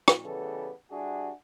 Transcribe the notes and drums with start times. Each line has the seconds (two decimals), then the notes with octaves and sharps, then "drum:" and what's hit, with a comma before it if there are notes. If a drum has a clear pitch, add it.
0.08 drum: rim click
0.24 C#3 E3 G3 B3 A4
0.91 G3 D4 E4 F#4 G#4